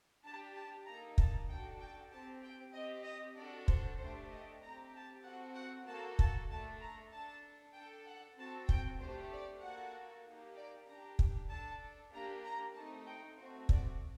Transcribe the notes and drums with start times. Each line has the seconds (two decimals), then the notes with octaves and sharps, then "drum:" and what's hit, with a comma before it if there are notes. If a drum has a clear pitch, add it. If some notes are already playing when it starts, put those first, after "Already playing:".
0.23 D4 G4 A5
0.55 A5
0.86 A#3 D#4 A4 A#5
1.18 A5, drum: kick
1.48 D4 F#4 A4 G5
1.81 G5
2.11 C4 G4 A5
2.43 G5
2.73 C4 G4 D#5
3.05 D#5
3.36 D4 F#4 A4 D5
3.68 C5, drum: kick
3.99 A3 D4 G4 C5
4.30 D#5
4.62 C4 G4 A#5
4.93 A5
5.24 C4 F#4 A4 F#5
5.56 F#5
5.87 A#3 F#4 A4 A5
6.19 A5, drum: kick
6.50 A3 D4 A4 A5
6.81 A#5
7.12 D4 A4 A5
7.74 D4 A4 G5
8.06 F#5
8.37 C4 F#4 A4 A5
8.69 G5, drum: kick
9.00 A3 D4 G4 C5
9.31 D5
9.62 A#3 F#4 A4 F#5
10.25 A#3 D#4 G4
10.56 D5
10.87 D4 G4 A#5
11.19 drum: kick
11.50 D4 A4 A5
12.13 A#3 D4 G4 A#5
12.44 A#5
12.76 A3 C4 D#4 A5
13.07 G5
13.38 A3 C4 F#4 C5
13.69 D5, drum: kick